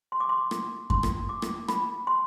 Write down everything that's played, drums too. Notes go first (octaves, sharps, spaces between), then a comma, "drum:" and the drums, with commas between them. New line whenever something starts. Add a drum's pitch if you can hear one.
C6
D6
C6
drum: rim click
C6, drum: kick F#2
drum: rim click
D6
drum: rim click
B5, drum: rim click
C6